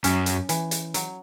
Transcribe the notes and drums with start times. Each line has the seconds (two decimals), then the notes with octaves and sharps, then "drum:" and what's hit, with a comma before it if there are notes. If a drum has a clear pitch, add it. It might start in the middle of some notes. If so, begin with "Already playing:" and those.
0.04 F#2 C#4, drum: hi-hat
0.26 drum: hi-hat
0.49 E3, drum: hi-hat
0.71 drum: hi-hat
0.94 F#3, drum: hi-hat